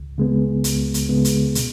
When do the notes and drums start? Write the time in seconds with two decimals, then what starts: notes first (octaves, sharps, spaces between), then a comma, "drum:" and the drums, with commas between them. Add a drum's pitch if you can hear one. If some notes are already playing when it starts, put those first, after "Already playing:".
Already playing: C#2
0.18 C#3 G#3 B3
0.64 C#2, drum: hi-hat
0.94 drum: hi-hat
1.09 C#3 G#3 B3
1.25 drum: hi-hat
1.55 B2, drum: hi-hat